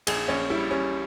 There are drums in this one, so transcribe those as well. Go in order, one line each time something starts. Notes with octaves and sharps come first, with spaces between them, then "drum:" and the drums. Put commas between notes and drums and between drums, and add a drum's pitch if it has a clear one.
A#1 G#4, drum: cymbal
A#1 C#4
G3 E4
G3 C#4